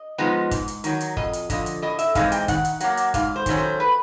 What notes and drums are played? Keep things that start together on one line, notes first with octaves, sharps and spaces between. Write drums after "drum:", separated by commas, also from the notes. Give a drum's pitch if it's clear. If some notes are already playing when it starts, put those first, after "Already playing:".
Already playing: D#5
F3 G#3 B3 D#4
G#2, drum: kick, hi-hat
drum: hi-hat
D#3 F#3, drum: hi-hat
drum: hi-hat
F2 D#5, drum: kick
drum: hi-hat
D3 F3 D#5, drum: kick, hi-hat
drum: hi-hat
A2 D#5
E5, drum: hi-hat
E3 G#3 C4 D#4 F5, drum: kick, hi-hat
G5, drum: hi-hat
D#3 F#5, drum: kick, hi-hat
drum: hi-hat
F#3 A#3 F#5, drum: hi-hat
drum: hi-hat
G#2 F5, drum: kick, hi-hat
C5
D#3 F#3 A3 C#4, drum: kick, hi-hat
C5
B4